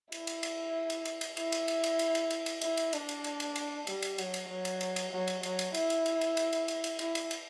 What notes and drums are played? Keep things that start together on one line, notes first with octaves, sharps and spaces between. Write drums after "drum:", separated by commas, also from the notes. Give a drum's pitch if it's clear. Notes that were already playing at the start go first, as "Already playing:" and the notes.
E4, drum: cymbal
drum: cymbal
drum: cymbal
drum: cymbal
drum: cymbal
drum: cymbal
E4, drum: cymbal
drum: cymbal
drum: cymbal
drum: cymbal
drum: cymbal
drum: cymbal
drum: cymbal
drum: cymbal
E4, drum: cymbal
drum: cymbal
D4, drum: cymbal
drum: cymbal
drum: cymbal
drum: cymbal
drum: cymbal
G3, drum: cymbal
drum: cymbal
F#3, drum: cymbal
drum: cymbal
F#3
drum: cymbal
drum: cymbal
drum: cymbal
F#3
drum: cymbal
F#3, drum: cymbal
drum: cymbal
E4, drum: cymbal
drum: cymbal
drum: cymbal
drum: cymbal
drum: cymbal
drum: cymbal
drum: cymbal
drum: cymbal
E4, drum: cymbal
drum: cymbal
drum: cymbal